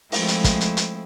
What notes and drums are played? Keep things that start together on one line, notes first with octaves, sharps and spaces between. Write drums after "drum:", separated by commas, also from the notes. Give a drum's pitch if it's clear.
F3 G#3 A3 C4 E4, drum: open hi-hat
drum: hi-hat
drum: kick, hi-hat
drum: hi-hat
drum: hi-hat